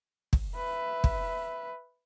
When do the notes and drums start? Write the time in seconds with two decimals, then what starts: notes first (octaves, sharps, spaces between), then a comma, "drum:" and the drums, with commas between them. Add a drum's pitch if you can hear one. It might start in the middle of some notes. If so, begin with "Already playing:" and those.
0.33 drum: kick
0.56 B4 E5
1.04 drum: kick